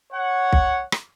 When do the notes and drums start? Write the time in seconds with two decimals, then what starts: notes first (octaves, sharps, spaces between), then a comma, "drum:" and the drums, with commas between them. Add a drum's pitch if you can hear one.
0.13 C#5 F#5
0.53 drum: kick
0.92 drum: rim click